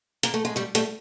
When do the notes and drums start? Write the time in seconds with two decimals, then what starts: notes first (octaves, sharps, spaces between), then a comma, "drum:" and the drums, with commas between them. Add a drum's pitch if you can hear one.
0.23 A#3, drum: hi-hat
0.34 A3
0.45 G#3
0.56 G3 A3
0.75 G3 A3, drum: hi-hat